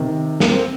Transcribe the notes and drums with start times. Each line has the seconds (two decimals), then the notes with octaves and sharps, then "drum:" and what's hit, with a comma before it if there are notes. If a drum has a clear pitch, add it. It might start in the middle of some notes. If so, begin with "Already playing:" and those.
Already playing: C3 D#3
0.40 A#3, drum: snare
0.51 C4